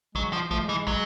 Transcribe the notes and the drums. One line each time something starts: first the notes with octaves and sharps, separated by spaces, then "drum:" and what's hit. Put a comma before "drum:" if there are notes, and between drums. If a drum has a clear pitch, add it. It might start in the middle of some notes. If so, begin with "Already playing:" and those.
F#3 G#3, drum: kick
F3
F3 A3, drum: kick
G#3
E3
G#3
F#3 G#3, drum: kick